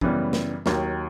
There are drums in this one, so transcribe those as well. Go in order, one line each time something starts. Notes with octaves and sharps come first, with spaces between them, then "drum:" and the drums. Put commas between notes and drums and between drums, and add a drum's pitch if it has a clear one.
F#2 C#3 E3 G3 B3, drum: kick
drum: snare
D#2 D#3 F#3, drum: snare